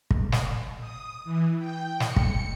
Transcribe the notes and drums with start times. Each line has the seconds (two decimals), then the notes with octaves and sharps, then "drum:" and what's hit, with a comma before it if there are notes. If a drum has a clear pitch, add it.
0.11 drum: kick
0.32 drum: snare
0.79 D#6
1.24 E3
1.59 G5
2.00 C#7, drum: snare
2.16 drum: kick